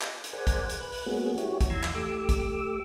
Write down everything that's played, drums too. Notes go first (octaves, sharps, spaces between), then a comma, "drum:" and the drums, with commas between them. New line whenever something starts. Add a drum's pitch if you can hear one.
drum: clap
drum: hi-hat
G#4 A#4 C5 D5 F#5 G#5
drum: kick, hi-hat
drum: hi-hat
B4 F#6
drum: open hi-hat
G#3 A#3 B3 C#4 F#4 G#4
E4 F#4 G4 C#5, drum: hi-hat
drum: kick, hi-hat
E2 E3 A#5 C6 E6 G#6
drum: clap
A3 G4 D6 E6
drum: kick, hi-hat